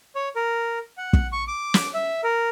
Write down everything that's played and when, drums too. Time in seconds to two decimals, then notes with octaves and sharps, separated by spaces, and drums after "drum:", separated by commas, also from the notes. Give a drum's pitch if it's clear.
0.15 C#5
0.36 A#4
0.98 F#5
1.13 drum: kick
1.33 C#6
1.48 D6
1.74 drum: snare
1.94 E5
2.24 A#4